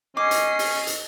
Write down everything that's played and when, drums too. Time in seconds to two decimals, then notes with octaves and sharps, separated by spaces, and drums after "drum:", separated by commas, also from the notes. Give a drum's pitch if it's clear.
0.17 C#4 D#5 D6 C7
0.31 drum: hi-hat
0.59 drum: open hi-hat
0.87 drum: hi-hat